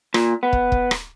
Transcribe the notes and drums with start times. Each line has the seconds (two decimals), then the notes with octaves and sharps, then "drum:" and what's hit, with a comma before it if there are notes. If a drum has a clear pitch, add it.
0.14 A#2, drum: rim click
0.43 B3
0.53 drum: kick
0.72 drum: kick
0.91 drum: rim click